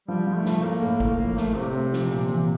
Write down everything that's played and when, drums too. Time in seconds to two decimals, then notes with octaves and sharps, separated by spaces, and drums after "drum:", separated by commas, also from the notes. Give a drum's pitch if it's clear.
0.08 F3 G3
0.27 F3
0.36 A3
0.45 F3, drum: snare
0.63 A2 A#3
0.82 A2, drum: tom G2
1.00 A2, drum: kick G#1
1.19 F3 A#3
1.37 A2 A3, drum: snare
1.55 C3 C4
1.74 C4
1.93 F3, drum: snare
2.11 A#2
2.29 A#2, drum: tom E3